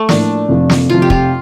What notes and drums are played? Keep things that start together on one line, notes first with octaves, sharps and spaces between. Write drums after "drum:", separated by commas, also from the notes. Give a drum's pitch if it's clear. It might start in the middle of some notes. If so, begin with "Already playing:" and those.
Already playing: A3
A2 F3 A#3 D4, drum: snare
F1 F2 C3 F3
drum: snare
F1 F2 C3 F3 F4
G4
F4, drum: kick